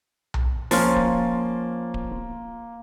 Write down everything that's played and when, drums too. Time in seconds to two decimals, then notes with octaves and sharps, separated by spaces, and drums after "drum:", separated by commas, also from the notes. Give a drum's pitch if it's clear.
0.34 drum: tom B1
0.71 F3 A#3 C#4 F4 C6 A6, drum: open hi-hat
0.96 drum: kick D1
1.94 drum: kick D1